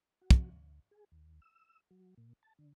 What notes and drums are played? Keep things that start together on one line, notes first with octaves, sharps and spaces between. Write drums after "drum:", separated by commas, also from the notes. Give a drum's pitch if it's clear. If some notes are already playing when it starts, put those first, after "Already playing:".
F#4
drum: kick
D2
G#4
D#2
E6
F#3
A#2
A5
D3